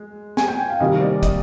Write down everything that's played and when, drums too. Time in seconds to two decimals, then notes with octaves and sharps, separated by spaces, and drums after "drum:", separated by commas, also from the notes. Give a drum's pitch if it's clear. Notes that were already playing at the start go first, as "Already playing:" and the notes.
Already playing: G#3
0.37 G#5, drum: snare
0.48 G5
0.59 G5
0.70 F5
0.80 C3 D#3 G3 A#3 D#5
1.01 D5
1.23 D#5, drum: kick, hi-hat